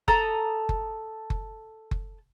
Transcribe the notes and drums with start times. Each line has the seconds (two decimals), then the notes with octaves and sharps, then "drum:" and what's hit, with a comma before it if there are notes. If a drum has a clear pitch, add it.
0.08 A4 A#5 D#6, drum: kick F#1
0.69 drum: kick F#1
1.30 drum: kick F#1
1.91 drum: kick F#1